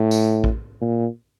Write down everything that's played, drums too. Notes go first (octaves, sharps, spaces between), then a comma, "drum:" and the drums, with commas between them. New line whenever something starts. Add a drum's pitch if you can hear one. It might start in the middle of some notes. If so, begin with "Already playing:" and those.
Already playing: A2
drum: tambourine
drum: kick A1
A#2